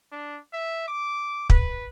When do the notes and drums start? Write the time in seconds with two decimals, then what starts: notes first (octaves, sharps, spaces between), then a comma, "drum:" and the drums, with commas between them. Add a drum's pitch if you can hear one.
0.12 D4
0.53 E5
0.88 D6
1.50 B4, drum: kick